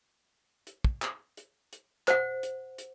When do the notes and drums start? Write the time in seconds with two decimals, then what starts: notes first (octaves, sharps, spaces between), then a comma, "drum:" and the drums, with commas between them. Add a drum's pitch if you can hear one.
0.67 drum: hi-hat
0.84 drum: kick
1.02 drum: clap
1.37 drum: hi-hat
1.73 drum: hi-hat
2.08 C5 F#5, drum: clap
2.43 drum: hi-hat
2.78 drum: hi-hat